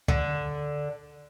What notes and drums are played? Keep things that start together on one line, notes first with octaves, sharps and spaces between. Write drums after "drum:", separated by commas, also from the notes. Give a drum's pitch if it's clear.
D3, drum: kick C#2